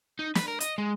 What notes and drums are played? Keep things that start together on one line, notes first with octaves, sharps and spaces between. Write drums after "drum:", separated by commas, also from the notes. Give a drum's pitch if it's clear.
D#4
B4, drum: snare
A#4
D#5, drum: hi-hat
G#3